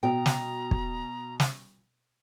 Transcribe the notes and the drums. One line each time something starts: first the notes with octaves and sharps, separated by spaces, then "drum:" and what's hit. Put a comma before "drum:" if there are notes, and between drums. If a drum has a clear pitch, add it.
B2 G5 A#5
drum: snare
drum: kick
drum: snare